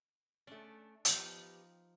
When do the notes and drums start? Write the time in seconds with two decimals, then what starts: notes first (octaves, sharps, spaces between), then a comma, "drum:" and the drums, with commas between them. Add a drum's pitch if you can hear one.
0.47 A3 C#4 D4
1.05 F3 B3 D#4 F4 G4, drum: hi-hat